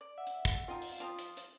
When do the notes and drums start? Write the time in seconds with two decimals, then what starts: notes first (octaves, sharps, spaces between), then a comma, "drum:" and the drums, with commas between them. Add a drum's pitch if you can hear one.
0.01 D5
0.18 E5 F#5
0.27 drum: hi-hat
0.45 drum: kick, hi-hat
0.68 C4 D#4 F4
0.82 drum: open hi-hat
1.00 F3 C4 D#6 F7, drum: hi-hat
1.19 drum: hi-hat
1.37 drum: hi-hat